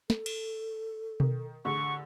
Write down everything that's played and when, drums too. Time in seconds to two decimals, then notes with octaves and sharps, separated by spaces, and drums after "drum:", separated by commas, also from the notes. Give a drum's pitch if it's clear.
0.10 A4, drum: snare
0.26 drum: cymbal
1.20 D#3, drum: tom B2
1.65 A1 D3 G#4 C#6